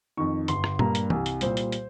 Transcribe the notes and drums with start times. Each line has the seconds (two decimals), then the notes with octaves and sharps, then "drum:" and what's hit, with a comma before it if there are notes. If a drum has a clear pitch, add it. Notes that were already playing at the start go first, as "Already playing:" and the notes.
0.17 F2 D#3 C#6
0.48 G1 C6, drum: hi-hat
0.64 drum: rim click
0.79 G2 G3 A#3 A#5, drum: tom A#2
0.95 drum: hi-hat
1.10 C2 G#5, drum: tom
1.26 drum: hi-hat
1.41 A#2 G3 C5, drum: hi-hat
1.57 drum: hi-hat
1.72 drum: hi-hat